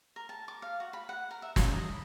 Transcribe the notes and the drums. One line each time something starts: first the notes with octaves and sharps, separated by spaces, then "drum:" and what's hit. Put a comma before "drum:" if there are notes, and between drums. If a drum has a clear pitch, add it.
A#4
A5
D6
F5
F#4
B5
F#5
A#4
E5
D#4, drum: snare
D#5
B5